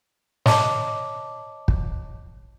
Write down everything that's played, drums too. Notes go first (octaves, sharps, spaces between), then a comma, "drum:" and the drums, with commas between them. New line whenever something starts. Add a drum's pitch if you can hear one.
C#5 D#5 A5 D6, drum: snare
drum: kick